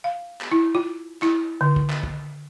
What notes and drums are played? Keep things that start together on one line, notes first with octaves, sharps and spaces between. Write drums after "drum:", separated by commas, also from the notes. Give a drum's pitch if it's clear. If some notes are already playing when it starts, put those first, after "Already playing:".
F5
drum: clap
E4
F4
E4, drum: clap
D3
drum: kick
drum: clap
drum: kick